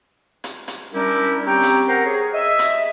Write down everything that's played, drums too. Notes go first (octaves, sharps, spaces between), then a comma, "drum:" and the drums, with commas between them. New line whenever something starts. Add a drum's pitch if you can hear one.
drum: hi-hat
drum: hi-hat
G3 C#4 D4 E4 G4 A#4
C4 C#4 G4 C#5 G5 A#5
drum: hi-hat
A#4 C5 F#5 G5 A#5
G#4 C#5
D#5 E5
drum: hi-hat